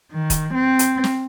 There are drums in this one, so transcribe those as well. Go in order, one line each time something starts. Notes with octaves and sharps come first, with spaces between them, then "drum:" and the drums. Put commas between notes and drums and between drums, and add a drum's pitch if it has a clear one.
D#3
drum: kick, hi-hat
C4
drum: hi-hat
drum: snare